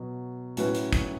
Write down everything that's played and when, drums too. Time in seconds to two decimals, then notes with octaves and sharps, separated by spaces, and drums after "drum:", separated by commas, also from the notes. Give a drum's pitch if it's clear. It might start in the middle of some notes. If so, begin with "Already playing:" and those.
Already playing: B2 F#3
0.57 A2 F#3 C#4 E4 B4, drum: hi-hat
0.75 drum: hi-hat
0.93 drum: kick, hi-hat